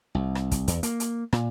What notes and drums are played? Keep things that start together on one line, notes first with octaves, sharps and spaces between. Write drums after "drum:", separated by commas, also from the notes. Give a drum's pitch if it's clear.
C2
drum: rim click
drum: kick, hi-hat
E2, drum: hi-hat
A#3, drum: hi-hat
drum: hi-hat
A#2, drum: rim click